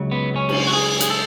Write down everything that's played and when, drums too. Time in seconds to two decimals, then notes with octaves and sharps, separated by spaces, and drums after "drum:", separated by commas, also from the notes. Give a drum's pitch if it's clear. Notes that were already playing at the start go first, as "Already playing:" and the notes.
Already playing: C#2 C#3 F#3
0.11 B3
0.36 C#4
0.49 drum: cymbal
0.67 F#4
0.73 G#4
1.00 G#4, drum: hi-hat
1.10 A4